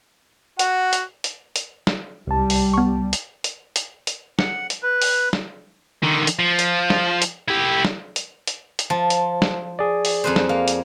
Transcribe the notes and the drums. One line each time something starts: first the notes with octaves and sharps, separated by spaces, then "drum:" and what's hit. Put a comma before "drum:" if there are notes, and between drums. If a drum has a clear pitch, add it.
F#4 F#5, drum: hi-hat
drum: hi-hat
drum: hi-hat
drum: hi-hat
drum: snare
C2 G3 A5
drum: open hi-hat
B3 C#6
drum: hi-hat
drum: hi-hat
drum: hi-hat
drum: hi-hat
F#5, drum: snare
drum: hi-hat
B4
drum: open hi-hat
drum: snare
D3 D#3
drum: hi-hat
F3
drum: hi-hat
drum: snare
drum: hi-hat
E4 G4
drum: snare
drum: hi-hat
drum: hi-hat
drum: hi-hat
F3 A5
drum: hi-hat
drum: snare
G#4 D5
drum: open hi-hat
F2 B4 C5
drum: snare
A#3 F5
drum: hi-hat